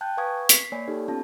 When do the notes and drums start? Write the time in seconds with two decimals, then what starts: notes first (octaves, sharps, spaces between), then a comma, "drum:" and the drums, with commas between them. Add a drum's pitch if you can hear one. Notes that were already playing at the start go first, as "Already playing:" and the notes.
0.01 G5 A5 F#6 G6
0.17 B4 F5 G#5 C#6 D#6 G#6
0.49 B6 C7, drum: hi-hat
0.72 A#3 C#5 D5 G#5
0.88 D#4 G4 A4
1.08 B3 C#4 F4 A5